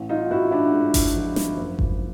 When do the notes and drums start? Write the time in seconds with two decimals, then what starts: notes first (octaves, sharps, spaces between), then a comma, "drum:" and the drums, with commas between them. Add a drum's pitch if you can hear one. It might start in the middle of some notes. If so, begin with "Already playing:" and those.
Already playing: A1
0.09 D#4 F4
0.30 A1 E4 F#4
0.51 D4 E4
0.73 G#2
0.94 drum: kick G1, open hi-hat
1.16 F3
1.36 drum: snare
1.57 F#1
1.79 drum: kick G1